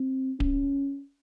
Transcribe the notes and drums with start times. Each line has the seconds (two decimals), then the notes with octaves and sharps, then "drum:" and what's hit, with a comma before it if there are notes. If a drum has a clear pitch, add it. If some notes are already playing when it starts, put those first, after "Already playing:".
Already playing: C4
0.40 C#4, drum: kick D1